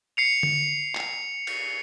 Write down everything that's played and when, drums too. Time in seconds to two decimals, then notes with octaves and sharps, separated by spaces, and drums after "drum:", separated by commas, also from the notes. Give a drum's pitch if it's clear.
0.17 C7 C#7 F7
0.43 drum: tom D3
0.95 drum: clap
1.47 drum: cymbal